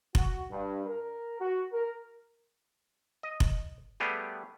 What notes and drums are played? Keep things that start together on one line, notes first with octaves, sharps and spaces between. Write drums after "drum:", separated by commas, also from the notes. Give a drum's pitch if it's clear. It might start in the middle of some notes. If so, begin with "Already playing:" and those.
F#4, drum: kick F1
G2
A#4
F#4
A#4
D#5
drum: kick F1
G3 A3 B3 G4 G#4